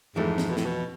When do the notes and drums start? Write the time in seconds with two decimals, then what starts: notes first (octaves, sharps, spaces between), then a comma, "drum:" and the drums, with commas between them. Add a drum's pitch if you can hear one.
0.16 F2 G#2 E3 A3
0.38 drum: snare
0.50 B2
0.57 A2, drum: snare
0.65 B2